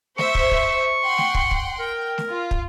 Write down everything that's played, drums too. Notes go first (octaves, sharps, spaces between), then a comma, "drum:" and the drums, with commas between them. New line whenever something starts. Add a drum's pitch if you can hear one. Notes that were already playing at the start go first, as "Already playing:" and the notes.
C5 E5 C#6, drum: snare A3
drum: kick
drum: kick
F#5 G5 C6
drum: snare A3
drum: kick
drum: kick
A#4 G5
drum: snare A3
F4
drum: kick